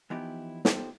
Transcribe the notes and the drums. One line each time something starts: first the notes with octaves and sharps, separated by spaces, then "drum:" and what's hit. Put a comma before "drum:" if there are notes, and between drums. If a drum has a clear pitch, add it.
E3 F3 B3 D#4 E4 G4
B3 D#4 F4 G4 A4 C5, drum: snare